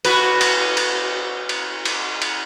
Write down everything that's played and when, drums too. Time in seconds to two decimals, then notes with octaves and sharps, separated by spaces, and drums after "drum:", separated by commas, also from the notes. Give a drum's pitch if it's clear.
0.05 F#4 B4, drum: cymbal
0.41 drum: cymbal
0.77 drum: cymbal
1.49 drum: cymbal
1.85 drum: cymbal
2.22 drum: cymbal